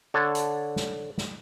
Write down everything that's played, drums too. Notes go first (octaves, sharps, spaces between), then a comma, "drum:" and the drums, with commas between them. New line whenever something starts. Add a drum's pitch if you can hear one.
D3 C#5 A5
drum: hi-hat
drum: snare
drum: snare